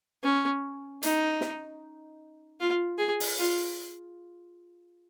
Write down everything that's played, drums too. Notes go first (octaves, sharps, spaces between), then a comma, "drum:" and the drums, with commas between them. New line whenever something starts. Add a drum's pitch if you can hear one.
C#4
D#4, drum: hi-hat
drum: snare
F4
G#4
drum: open hi-hat
F4